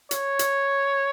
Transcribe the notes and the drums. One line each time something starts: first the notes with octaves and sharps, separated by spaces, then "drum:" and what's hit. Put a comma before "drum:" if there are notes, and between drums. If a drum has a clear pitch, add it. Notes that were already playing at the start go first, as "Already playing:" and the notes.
C#5, drum: hi-hat
drum: hi-hat